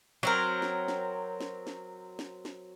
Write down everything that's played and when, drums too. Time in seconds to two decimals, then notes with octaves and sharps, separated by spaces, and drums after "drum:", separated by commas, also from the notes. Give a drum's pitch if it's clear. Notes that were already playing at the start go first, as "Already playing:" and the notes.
0.23 F#3 C4 A#4
0.62 drum: snare
0.88 drum: snare
1.41 drum: snare
1.67 drum: snare
2.19 drum: snare
2.45 drum: snare